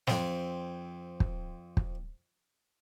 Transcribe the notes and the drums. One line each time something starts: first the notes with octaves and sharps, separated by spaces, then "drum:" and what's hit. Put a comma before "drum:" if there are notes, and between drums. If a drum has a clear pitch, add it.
F2 C4, drum: snare
drum: kick
drum: kick